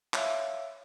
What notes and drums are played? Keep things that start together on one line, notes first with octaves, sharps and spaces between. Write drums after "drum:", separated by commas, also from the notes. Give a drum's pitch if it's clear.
C#5 E5 F5 E6, drum: clap